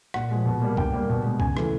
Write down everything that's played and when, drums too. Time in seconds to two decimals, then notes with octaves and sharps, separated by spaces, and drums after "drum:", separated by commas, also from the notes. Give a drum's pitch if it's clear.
0.14 A#2 F#5, drum: rim click
0.31 F3 G#3
0.46 B2
0.62 G3 A#3
0.77 D3 G5, drum: kick
0.93 G3 A#3
1.09 B2
1.25 G#3
1.40 C#3 G#5, drum: kick
1.57 E3 A3, drum: rim click